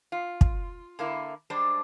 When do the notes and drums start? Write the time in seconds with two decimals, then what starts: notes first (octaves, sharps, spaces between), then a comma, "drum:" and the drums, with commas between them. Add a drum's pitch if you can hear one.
0.12 F4
0.41 drum: kick
0.99 D3 A#3 E4
1.50 G3 G#3 D4 C5